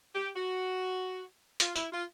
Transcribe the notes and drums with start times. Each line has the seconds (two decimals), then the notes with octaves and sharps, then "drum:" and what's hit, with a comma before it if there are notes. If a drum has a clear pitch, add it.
0.14 G4
0.35 F#4
1.60 F4, drum: hi-hat
1.76 E4, drum: tambourine
1.91 F4